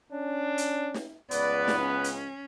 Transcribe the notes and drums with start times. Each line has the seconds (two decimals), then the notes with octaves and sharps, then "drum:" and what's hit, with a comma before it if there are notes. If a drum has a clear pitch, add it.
0.12 C#4 D4
0.58 drum: hi-hat
0.94 drum: snare
1.31 C#2 B3 B4 D5, drum: hi-hat
1.68 drum: snare
1.80 C#4
2.04 drum: hi-hat